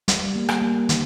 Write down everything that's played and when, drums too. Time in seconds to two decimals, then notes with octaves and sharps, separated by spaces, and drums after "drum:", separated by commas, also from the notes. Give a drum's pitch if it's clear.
0.08 G3, drum: hi-hat
0.35 A#3
0.49 drum: rim click
0.62 A#3
0.89 D#3, drum: hi-hat